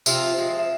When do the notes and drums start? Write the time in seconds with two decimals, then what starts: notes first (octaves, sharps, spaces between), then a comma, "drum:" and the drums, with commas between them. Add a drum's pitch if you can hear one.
0.06 C3 F3 C4 F4 E5, drum: tambourine
0.38 F3 G#3 C4
0.59 E5